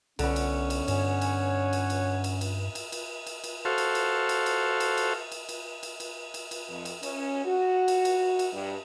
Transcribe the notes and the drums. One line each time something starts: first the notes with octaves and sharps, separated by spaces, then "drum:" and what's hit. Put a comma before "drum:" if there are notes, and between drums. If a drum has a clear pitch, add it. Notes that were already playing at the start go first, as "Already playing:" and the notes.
C2 D3 B3 C#4, drum: cymbal
drum: cymbal
drum: cymbal
G2 C#5 F#5 G#5, drum: cymbal
drum: cymbal
drum: cymbal
drum: cymbal
drum: cymbal
drum: cymbal
drum: cymbal
drum: cymbal
drum: cymbal
drum: cymbal
F#4 A4 C5 F5
drum: cymbal
drum: cymbal
drum: cymbal
drum: cymbal
drum: cymbal
drum: cymbal
drum: cymbal
drum: cymbal
drum: cymbal
drum: cymbal
drum: cymbal
drum: cymbal
F2
drum: cymbal
C#4, drum: cymbal
F#4
drum: cymbal
drum: cymbal
drum: cymbal
G2